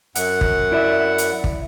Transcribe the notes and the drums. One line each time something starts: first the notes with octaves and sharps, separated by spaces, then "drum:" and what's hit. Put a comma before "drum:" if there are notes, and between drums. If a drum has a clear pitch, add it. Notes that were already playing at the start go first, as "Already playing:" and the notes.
F#2 F#5, drum: hi-hat
drum: kick
E4 D5 E5
drum: hi-hat
drum: kick